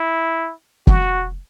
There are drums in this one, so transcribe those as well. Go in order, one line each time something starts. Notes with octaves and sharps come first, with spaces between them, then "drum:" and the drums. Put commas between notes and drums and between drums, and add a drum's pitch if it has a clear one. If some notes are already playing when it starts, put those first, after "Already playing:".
Already playing: E4
F#4, drum: kick